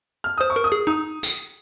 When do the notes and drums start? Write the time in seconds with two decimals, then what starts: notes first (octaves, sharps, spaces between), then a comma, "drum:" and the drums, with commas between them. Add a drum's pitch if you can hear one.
0.24 F6
0.38 C5 D#6
0.50 C#6
0.56 A#4
0.64 D#6
0.72 G#4
0.87 D#4 D#6
1.23 drum: tambourine